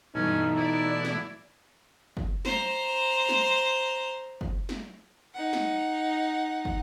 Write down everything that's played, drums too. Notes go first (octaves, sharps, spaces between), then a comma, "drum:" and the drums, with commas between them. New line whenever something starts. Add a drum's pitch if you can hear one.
G2 B2 E3 A3 C#4 D#4
E4 D5
drum: snare
drum: kick
C5 A#5, drum: snare
drum: snare
drum: kick
drum: snare
D#4 F#5
drum: snare
drum: kick